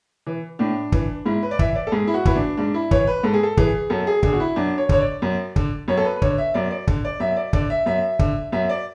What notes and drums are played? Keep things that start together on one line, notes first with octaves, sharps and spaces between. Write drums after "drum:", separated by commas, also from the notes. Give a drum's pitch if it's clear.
E3
A2 D4
E3, drum: kick
G#2 E4
B4
D5
E3 E5, drum: kick
D5
A4
G#2 G#4
E4
F#4
E3 E4, drum: kick
D4
G#2 D4
E4
E3 C#5, drum: kick
B4
G#2 A4
G#4
A4
E3 G#4, drum: kick
F#2 A4
G#4
D3 G#4, drum: kick
F#4
E4
F#2 D4
C#5
D3 C#5, drum: kick
D5
F#2
D3, drum: kick
F#2 C#5
A4
B4
B4
D3 C#5, drum: kick
E5
F#2 D5
D5
D3, drum: kick
D5
F#2 E5
D5
D3 D5, drum: kick
E5
F#2 E5
D3, drum: kick
F#2 E5
D5